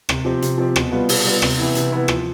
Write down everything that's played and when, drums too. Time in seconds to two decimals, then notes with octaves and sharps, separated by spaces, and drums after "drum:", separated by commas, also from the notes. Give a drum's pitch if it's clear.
0.09 C3, drum: rim click
0.25 F3 C4 G4
0.42 C3, drum: hi-hat
0.58 F3 C4 G4
0.76 B2, drum: rim click
0.91 G3 B3 F4 B4
1.09 B2, drum: open hi-hat
1.25 G3 B3 F4 B4
1.42 C3, drum: rim click
1.58 E3 B3 E4
1.75 C3, drum: hi-hat
1.92 E3 B3 E4
2.08 F3, drum: rim click